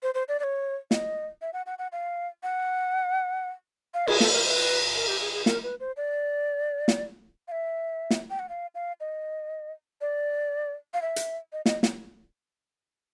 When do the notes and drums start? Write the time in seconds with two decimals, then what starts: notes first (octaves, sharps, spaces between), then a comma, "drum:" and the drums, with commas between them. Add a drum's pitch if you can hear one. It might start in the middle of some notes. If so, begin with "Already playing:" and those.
0.03 C5
0.14 C5
0.28 D5
0.40 D5
0.44 C#5
0.91 D#5, drum: snare
1.42 E5
1.53 F#5
1.66 F#5
1.79 F#5
1.92 F5
2.43 F#5
3.94 F5
4.07 G#4, drum: cymbal
4.20 A4, drum: snare
4.33 A#4
4.45 C5
4.50 B4
4.95 A#4
5.08 G4
5.21 G#4
5.33 G#4
5.46 A#4, drum: snare
5.63 B4
5.80 C5
5.97 D5
6.88 drum: snare
7.48 F5
7.52 E5
8.11 drum: snare
8.30 G5
8.39 F#5
8.49 F5
8.75 F5
9.00 D#5
10.01 D5
10.94 F5
11.02 E5
11.16 drum: hi-hat
11.53 D#5
11.66 D#5, drum: snare
11.83 drum: snare